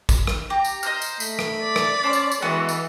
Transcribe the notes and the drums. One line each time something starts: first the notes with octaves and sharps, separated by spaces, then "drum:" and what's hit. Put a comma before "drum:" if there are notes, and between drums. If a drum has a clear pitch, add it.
drum: kick, tambourine
drum: rim click
G4 A#5
drum: tambourine
C5 D#5 A#5 F6, drum: tambourine
drum: tambourine
A3 B5, drum: tambourine
drum: rim click
D5
drum: rim click
C#4 C5 A5 D6
drum: tambourine
drum: tambourine
E3 G#3 B3 F#4 A4 F#5
drum: tambourine